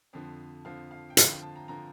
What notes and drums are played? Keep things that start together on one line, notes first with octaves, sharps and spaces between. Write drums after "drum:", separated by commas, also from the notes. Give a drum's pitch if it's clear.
F2 D3 F3
F2 D3 F3 F5
F5
G5
F2 D3 F3 F5, drum: hi-hat
G5
A5
A#5
D3 F3 A#5